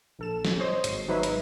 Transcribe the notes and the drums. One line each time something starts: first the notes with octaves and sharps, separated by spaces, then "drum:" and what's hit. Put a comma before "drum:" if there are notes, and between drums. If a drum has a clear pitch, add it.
A#1 A4 E7
drum: snare
C5 C#5 D#5 C6
G#1 C7, drum: hi-hat
G#1 F#3 D#4 B4 C#5 E5
drum: hi-hat